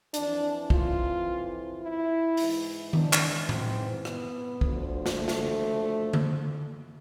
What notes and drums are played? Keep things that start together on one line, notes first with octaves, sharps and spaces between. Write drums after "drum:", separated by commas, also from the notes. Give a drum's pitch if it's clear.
F2 E3 D4, drum: hi-hat
F4, drum: kick
E4
G#2 E3, drum: open hi-hat
D4, drum: tom D#3
drum: clap
C4, drum: tom A2
B3, drum: rim click
D2 D3 F3, drum: kick
drum: snare
A3
drum: snare
drum: tom D3